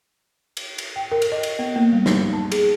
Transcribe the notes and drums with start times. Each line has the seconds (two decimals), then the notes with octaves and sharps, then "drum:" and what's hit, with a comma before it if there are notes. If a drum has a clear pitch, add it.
0.57 drum: cymbal
0.78 drum: cymbal
0.96 G5
1.12 A#4
1.22 drum: cymbal
1.32 D#5
1.43 drum: cymbal
1.59 B3
1.76 A#3
1.93 G3
2.06 D#4, drum: snare
2.33 A5
2.52 G#4, drum: cymbal